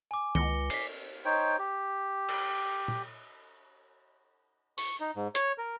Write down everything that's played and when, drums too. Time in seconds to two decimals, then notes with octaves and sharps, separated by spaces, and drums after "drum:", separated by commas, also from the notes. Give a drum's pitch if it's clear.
0.11 G#5 D6
0.35 C#2 A#6 C#7 G7, drum: tom D#3
0.70 B6 C7, drum: cymbal
1.25 D#4 C5 C#5 G5
1.59 G4
2.29 drum: cymbal
2.88 drum: tom A#2
4.78 C#6, drum: open hi-hat
5.00 D#4
5.16 G#2
5.35 C#5, drum: hi-hat
5.58 A#4